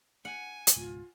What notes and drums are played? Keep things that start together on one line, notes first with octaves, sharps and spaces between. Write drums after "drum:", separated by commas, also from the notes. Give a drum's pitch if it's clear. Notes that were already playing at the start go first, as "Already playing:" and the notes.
F#5 G#5
drum: hi-hat
C#2 G#2 B2 F4